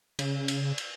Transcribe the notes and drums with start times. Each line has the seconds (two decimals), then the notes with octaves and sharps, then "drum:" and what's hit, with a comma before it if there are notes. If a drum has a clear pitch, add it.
0.19 C#3, drum: cymbal
0.48 drum: cymbal
0.78 drum: cymbal